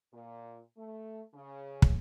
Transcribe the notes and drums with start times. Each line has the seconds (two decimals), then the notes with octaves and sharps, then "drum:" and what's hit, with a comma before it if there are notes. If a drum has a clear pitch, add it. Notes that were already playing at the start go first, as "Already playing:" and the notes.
0.13 A#2
0.78 A3
1.34 C#3
1.82 drum: kick